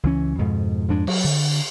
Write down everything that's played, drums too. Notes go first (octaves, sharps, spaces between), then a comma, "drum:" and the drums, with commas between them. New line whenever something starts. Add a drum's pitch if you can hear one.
C#2 E3 C#4
F2 G#2 B2
F2 G#2 G#3 D4
F#3, drum: cymbal
D3